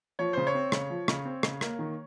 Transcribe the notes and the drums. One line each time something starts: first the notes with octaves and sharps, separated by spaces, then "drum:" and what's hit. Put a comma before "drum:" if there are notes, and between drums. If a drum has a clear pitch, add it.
F3 C#5
C#3 C5
C#5
C4
C#3, drum: rim click
F3
C#3, drum: rim click
C4
C#3, drum: rim click
A#3, drum: rim click
D#3